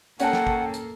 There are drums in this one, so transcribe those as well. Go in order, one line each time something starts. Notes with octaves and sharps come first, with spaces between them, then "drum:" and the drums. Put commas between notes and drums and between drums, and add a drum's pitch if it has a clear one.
A#3 C#4 A4 F#5 G5 A5, drum: hi-hat
drum: snare
drum: kick
drum: hi-hat